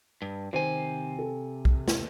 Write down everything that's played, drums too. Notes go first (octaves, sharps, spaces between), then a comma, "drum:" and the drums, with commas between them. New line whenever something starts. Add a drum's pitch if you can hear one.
G2
C3 D#3 C5 G#5
A4
drum: kick
drum: snare